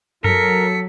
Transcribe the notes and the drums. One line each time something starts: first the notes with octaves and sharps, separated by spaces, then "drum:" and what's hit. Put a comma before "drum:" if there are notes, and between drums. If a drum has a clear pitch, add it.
F#3 A4 A#4 B6 C#7, drum: tom F#2